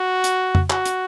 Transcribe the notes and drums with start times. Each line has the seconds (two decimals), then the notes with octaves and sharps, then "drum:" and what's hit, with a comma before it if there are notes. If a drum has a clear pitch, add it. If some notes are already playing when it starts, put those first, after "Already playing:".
Already playing: F#4
0.24 drum: hi-hat
0.55 drum: tom F2
0.70 F#4, drum: clap
0.85 drum: hi-hat